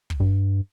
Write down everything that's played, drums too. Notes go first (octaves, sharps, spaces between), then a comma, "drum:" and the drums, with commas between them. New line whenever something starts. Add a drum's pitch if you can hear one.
drum: kick
G2